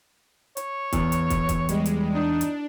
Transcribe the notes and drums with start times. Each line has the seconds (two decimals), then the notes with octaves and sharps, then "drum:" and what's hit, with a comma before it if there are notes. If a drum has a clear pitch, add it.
0.57 C#5, drum: hi-hat
0.93 E2, drum: kick, hi-hat
1.12 drum: hi-hat
1.30 drum: kick, hi-hat
1.49 drum: kick, hi-hat
1.69 G3 G#3, drum: hi-hat
1.86 drum: hi-hat
2.14 D4 D#4
2.41 drum: hi-hat